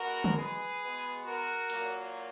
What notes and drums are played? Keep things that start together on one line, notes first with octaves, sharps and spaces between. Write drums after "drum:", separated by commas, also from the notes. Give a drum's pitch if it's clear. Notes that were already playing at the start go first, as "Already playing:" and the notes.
Already playing: B2 G#3 B3 F#4 A#4
drum: tom D3
G#4 B4
B2 G#3 B3
F#4 A#4
A#2 F#3 A#3, drum: open hi-hat